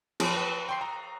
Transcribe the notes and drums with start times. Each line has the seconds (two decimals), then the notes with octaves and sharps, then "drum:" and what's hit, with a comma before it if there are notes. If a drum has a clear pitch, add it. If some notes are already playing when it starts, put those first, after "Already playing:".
0.20 F3, drum: cymbal
0.36 B4
0.69 G5 C6 C7
0.81 A#5